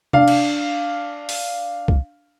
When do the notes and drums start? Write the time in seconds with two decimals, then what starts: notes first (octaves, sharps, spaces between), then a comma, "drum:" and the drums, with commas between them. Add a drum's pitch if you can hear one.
0.13 D4 F5, drum: tom C3
0.28 drum: cymbal
1.29 drum: open hi-hat
1.88 drum: kick